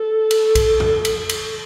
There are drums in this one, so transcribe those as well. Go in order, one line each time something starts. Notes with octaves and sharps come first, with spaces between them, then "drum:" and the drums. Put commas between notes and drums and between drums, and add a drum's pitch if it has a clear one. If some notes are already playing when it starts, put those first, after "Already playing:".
Already playing: A4
drum: cymbal
drum: kick B1, cymbal
drum: tom F2
drum: cymbal
drum: cymbal